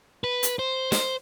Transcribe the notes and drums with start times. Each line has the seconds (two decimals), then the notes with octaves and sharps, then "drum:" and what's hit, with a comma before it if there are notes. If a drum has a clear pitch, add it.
0.24 B4
0.43 drum: hi-hat
0.59 C5
0.92 C5, drum: snare